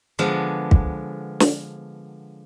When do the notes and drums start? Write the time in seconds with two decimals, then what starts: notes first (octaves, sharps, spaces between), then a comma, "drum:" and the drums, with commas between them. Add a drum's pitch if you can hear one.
0.19 D3 F3 G#3 B3 D5
0.71 drum: kick
1.40 drum: snare